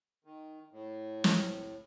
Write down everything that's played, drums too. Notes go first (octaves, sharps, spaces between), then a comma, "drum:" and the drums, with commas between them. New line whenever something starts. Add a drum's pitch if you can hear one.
D#3
A2
drum: snare